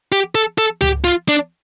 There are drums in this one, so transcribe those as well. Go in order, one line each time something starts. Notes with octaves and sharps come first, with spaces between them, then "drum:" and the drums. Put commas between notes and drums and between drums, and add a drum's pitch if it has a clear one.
G4
A4
A4
G4, drum: tom C#2
F4
D4